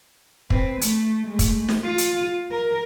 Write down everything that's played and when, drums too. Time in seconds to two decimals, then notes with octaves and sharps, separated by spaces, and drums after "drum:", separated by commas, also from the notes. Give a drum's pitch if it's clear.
0.50 C4 B4, drum: kick
0.81 A3, drum: hi-hat
1.26 G#3 A3
1.39 drum: kick, hi-hat
1.68 drum: snare
1.84 F4
1.98 drum: hi-hat
2.51 A#4